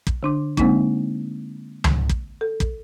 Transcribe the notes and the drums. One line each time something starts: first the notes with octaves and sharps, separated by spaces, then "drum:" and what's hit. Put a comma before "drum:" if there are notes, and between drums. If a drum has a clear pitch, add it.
drum: kick
D3 D4 D6
D3 G#3 A#3 C4 D4 D#4, drum: kick
drum: tom C#2
drum: kick
A4
drum: kick